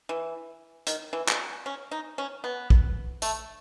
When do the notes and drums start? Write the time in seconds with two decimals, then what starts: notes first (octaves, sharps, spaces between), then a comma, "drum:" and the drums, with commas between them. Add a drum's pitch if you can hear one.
0.09 E3
0.87 D#3, drum: hi-hat
1.13 E3
1.28 drum: clap
1.66 C#4
1.91 D#4
2.18 C#4
2.44 B3
2.70 drum: kick
3.22 A3, drum: tambourine